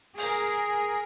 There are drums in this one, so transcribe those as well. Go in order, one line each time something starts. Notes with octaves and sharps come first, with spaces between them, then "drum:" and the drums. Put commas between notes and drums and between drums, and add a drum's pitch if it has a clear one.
G#4 A#4, drum: open hi-hat